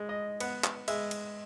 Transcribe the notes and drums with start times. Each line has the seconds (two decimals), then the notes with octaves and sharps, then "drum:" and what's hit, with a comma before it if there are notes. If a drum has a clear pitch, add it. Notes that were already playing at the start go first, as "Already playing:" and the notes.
Already playing: G#3
0.09 D#5
0.40 B3 F#5, drum: cymbal
0.64 drum: clap
0.88 G#3 E5, drum: cymbal
1.11 drum: cymbal